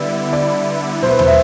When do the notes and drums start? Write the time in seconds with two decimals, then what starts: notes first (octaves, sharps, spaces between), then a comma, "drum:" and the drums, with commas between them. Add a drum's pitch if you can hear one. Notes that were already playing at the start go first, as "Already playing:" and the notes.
Already playing: D3 G3 B3 E4 D5
0.33 D5
1.02 B2 F#3 B3 E4 C5
1.10 B4
1.19 C5, drum: tom D#2
1.27 E5